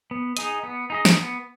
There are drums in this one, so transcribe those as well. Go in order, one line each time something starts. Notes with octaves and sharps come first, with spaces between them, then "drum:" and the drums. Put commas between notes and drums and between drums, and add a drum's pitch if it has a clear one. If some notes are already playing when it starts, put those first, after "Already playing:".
B3
D#4 G#4 D#5, drum: hi-hat
B3
D#4 G#4 D#5
drum: snare
B3